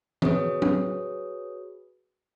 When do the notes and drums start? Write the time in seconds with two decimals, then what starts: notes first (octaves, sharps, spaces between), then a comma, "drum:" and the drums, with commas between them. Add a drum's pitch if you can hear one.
0.22 F#4 G#4 B4 C#5 D#6, drum: tom
0.62 drum: tom